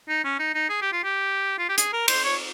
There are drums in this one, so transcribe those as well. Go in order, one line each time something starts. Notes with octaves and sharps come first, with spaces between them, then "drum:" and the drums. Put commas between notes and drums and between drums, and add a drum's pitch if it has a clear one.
D#4
C#4
D#4
D#4
G#4
G4
F4
G4
F4
G4
G#4, drum: hi-hat
A#4
C5, drum: cymbal
C#5